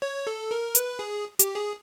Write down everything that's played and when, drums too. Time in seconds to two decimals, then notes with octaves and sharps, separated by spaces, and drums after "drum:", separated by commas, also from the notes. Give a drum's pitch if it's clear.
0.02 C#5
0.27 A4
0.51 A#4
0.75 B4, drum: hi-hat
0.99 G#4
1.39 G4, drum: hi-hat
1.55 G#4